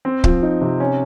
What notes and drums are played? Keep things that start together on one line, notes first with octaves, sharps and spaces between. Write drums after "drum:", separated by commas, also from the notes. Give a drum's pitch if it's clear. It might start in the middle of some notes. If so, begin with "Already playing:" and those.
C4
F3, drum: kick C#1
D#4
C3
C#4